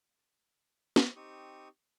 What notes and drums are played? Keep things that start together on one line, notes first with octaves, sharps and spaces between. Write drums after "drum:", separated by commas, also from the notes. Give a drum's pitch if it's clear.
drum: snare
C4 D#4 G4 C#6 D#6